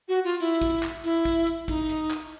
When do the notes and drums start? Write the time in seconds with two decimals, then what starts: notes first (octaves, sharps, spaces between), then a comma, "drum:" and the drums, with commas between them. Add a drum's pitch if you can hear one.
0.08 F#4
0.24 F4
0.40 E4, drum: hi-hat
0.61 drum: kick, hi-hat
0.83 drum: clap
1.04 E4, drum: hi-hat
1.25 drum: kick, hi-hat
1.47 drum: hi-hat
1.68 D#4, drum: kick, hi-hat
1.89 drum: hi-hat
2.11 drum: clap